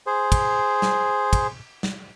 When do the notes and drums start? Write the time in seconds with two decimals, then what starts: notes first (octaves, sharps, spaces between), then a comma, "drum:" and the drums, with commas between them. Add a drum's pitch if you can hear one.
0.07 G#4 C5
0.32 drum: kick, cymbal
0.82 drum: snare
1.33 drum: kick, cymbal
1.83 drum: snare